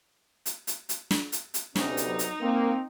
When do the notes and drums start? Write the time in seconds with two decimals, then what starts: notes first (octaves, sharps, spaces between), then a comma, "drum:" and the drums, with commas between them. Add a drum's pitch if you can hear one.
0.46 drum: hi-hat
0.67 drum: hi-hat
0.89 drum: hi-hat
1.11 drum: snare
1.32 drum: hi-hat
1.54 drum: hi-hat
1.76 D2 C3 B3 C#4 D#4, drum: snare
1.97 drum: hi-hat
2.07 F#3
2.19 drum: hi-hat
2.40 A#3 C4